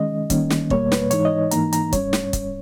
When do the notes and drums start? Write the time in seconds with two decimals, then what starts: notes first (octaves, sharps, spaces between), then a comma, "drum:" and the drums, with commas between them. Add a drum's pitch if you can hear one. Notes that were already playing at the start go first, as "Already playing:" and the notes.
Already playing: D#3 G#3 C#4 D#5
0.30 D#3 G3 A#3 C#4, drum: kick, hi-hat
0.50 drum: snare
0.70 E2 B2 G3 A#3 C#5, drum: kick
0.92 B4, drum: snare
1.11 G#2 E3 G#3 D#4 C#5, drum: hi-hat
1.25 D#5
1.51 G#2 E3 A#3 D#4 A#5, drum: hi-hat
1.73 A#5, drum: hi-hat
1.93 G2 G3 C#4 C#5, drum: kick, hi-hat
2.13 drum: snare
2.33 drum: kick, hi-hat